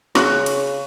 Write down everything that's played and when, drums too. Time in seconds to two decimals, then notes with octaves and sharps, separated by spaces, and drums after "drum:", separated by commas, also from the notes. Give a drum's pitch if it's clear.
0.15 C#3 C#6 F#6, drum: snare
0.46 drum: cymbal